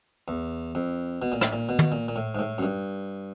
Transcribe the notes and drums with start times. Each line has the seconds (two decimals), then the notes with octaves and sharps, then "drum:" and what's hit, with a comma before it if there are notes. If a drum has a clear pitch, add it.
0.28 E2
0.75 F2
1.22 B2
1.32 A#2
1.41 A2, drum: rim click
1.53 A#2
1.69 B2
1.79 drum: tom
1.92 A#2
2.08 A#2
2.16 A2
2.35 G#2
2.39 A2
2.58 F#2
2.63 G2